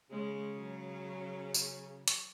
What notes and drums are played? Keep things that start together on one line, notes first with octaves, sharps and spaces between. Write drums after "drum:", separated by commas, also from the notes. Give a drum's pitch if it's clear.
C#3 G#3
F#3
drum: tambourine
drum: hi-hat